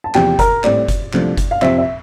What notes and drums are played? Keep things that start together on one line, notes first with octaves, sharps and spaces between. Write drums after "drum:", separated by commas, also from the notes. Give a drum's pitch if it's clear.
A5
E2 C3 F3 G4 G5, drum: clap
A#4 A#5, drum: kick F#1, hi-hat
A2 G3 C4 D5, drum: clap
drum: kick F#1, hi-hat
C2 C3 F3 A3 D4, drum: clap
drum: kick F#1, hi-hat
F5
F2 C3 F3 C4 E5, drum: clap
E5